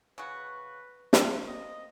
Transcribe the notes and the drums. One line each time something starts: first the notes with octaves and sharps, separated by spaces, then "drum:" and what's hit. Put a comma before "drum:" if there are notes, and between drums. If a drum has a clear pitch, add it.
C#3 F#4 B4
A#3 C4, drum: snare
D#5